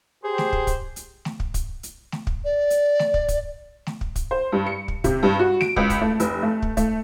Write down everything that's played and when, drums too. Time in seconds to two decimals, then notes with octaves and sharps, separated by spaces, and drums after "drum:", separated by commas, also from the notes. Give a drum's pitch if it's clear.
0.24 G4 G#4 C5
0.38 drum: snare A3
0.53 drum: kick
0.67 drum: kick, hi-hat
0.96 drum: hi-hat
1.25 drum: snare A3
1.40 drum: kick
1.54 drum: kick, hi-hat
1.83 drum: hi-hat
2.12 drum: snare A3
2.27 drum: kick
2.45 D5
2.70 drum: hi-hat
2.99 drum: snare A3
3.14 drum: kick
3.28 drum: kick, hi-hat
3.87 drum: snare A3
4.01 drum: kick
4.16 drum: kick, hi-hat
4.31 C5
4.52 G2
4.66 C#7
4.88 drum: kick
5.04 C3, drum: kick, hi-hat
5.23 G2
5.39 F#4
5.61 D7, drum: snare A3
5.76 C#2, drum: kick
5.90 drum: kick, hi-hat
6.01 A3
6.20 F1, drum: hi-hat
6.43 A3
6.62 drum: kick
6.77 A3, drum: kick, hi-hat